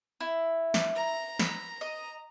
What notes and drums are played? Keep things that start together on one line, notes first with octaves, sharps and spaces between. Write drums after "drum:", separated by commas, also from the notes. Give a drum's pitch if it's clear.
E4
drum: snare
A#5
B5, drum: snare
D#5